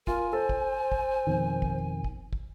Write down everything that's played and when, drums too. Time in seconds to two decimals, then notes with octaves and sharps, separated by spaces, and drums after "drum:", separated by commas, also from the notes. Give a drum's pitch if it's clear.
0.07 F4 A#4 G#5, drum: kick
0.33 A4 C5
0.49 drum: kick
0.92 drum: kick
1.27 F2 B2 D#3
1.62 drum: kick
2.04 drum: kick
2.33 drum: kick